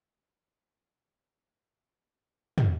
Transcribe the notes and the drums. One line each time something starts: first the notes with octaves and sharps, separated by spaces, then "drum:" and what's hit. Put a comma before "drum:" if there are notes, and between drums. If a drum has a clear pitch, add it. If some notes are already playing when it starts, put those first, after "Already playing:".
F#3 G3
C4 E5 C6
G5
drum: tom